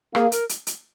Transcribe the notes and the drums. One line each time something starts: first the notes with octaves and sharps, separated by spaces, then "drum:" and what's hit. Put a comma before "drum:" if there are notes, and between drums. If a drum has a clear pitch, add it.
A#3 G#4, drum: rim click
A#4, drum: hi-hat
drum: hi-hat
drum: hi-hat